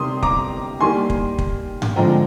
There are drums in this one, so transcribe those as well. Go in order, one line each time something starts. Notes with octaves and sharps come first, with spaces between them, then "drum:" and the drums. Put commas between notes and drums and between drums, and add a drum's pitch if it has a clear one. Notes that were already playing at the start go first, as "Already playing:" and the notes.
Already playing: C3 D#3 G3 C6 D#6
A#5 D6, drum: kick
D#3 G3 A#3 G#5 C6
drum: kick
drum: kick
drum: tom G#2
D3 F3 G#3 C4 G5 A#5